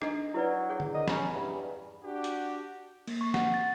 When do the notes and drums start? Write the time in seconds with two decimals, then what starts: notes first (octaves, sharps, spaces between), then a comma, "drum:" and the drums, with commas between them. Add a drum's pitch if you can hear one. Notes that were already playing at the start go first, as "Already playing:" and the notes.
0.02 D4 D#4 A4 D#5, drum: rim click
0.34 F#3 E4 B4 D5
0.69 G#4 C#5 F#5
0.80 drum: tom
0.93 D4 A#4 D#5
1.08 C#4 A#5 B5, drum: snare
1.32 E2 G2 B5
2.03 D4 F#4 G4
2.24 drum: hi-hat
3.07 A#3, drum: cymbal
3.21 C#6
3.34 F#5, drum: snare
3.54 A6